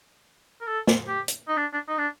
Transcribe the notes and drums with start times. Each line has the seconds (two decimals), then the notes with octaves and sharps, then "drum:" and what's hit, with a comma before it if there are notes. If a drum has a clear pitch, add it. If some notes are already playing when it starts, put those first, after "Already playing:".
0.61 A#4
0.67 A4
0.87 drum: snare
1.08 G4
1.28 drum: hi-hat
1.48 D#4
1.57 D4
1.73 D4
1.88 D#4
1.98 D4